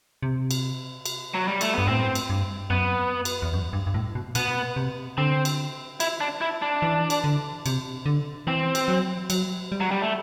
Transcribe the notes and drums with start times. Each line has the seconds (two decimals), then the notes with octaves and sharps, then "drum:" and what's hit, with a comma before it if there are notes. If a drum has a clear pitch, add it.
0.23 C3
0.51 drum: cymbal
1.06 drum: cymbal
1.34 F#3
1.48 G3
1.61 A3, drum: cymbal
1.74 G2 B3
1.87 A2 C4
2.15 drum: cymbal
2.30 G2
2.70 F#2 B3
3.25 drum: cymbal
3.42 E2
3.53 F#2
3.73 G2
3.87 G2
3.94 A2
4.15 B2
4.35 B2 B3, drum: cymbal
4.76 C3
5.18 D3 C4
5.45 drum: cymbal
6.00 E4, drum: cymbal
6.20 D4
6.41 E4
6.62 D4
6.82 E3
7.10 drum: cymbal
7.24 D3
7.66 C3, drum: cymbal
8.06 D3
8.47 E3 C4
8.75 drum: cymbal
8.88 F#3
9.30 F#3, drum: cymbal
9.72 G3
9.81 F#3
9.91 G3
10.01 A3